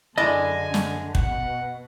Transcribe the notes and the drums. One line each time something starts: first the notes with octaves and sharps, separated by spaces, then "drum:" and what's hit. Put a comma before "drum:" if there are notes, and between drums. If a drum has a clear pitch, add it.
F#2 D3 G#3 E4 D5 D#5 G#5
drum: snare
B2 F#5, drum: kick